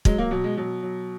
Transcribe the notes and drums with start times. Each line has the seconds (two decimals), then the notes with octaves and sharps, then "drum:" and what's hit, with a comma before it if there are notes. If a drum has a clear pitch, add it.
0.05 F#3 G#3, drum: kick
0.18 F#3 A#3
0.31 B2 F#3
0.44 G#3
0.57 B2 F#3
0.82 F#3